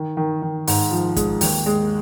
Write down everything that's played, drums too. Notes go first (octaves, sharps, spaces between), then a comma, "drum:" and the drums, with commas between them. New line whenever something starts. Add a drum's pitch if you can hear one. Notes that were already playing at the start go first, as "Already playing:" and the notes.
Already playing: D#3
D#3
D#3
G#2, drum: open hi-hat
F3
G#3, drum: kick, hi-hat
D#2, drum: open hi-hat
G#3